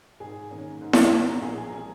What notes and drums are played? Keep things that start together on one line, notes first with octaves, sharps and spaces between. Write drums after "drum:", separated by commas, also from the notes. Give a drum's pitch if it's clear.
G#2 G#4 G#5
D#3 A#3 C#4
G#2
drum: snare E4
D#3 A#3 C#4
A#5
A#1 G#4 G#5
G#4 G#5
A#5
G3 A#3 G#4 G#5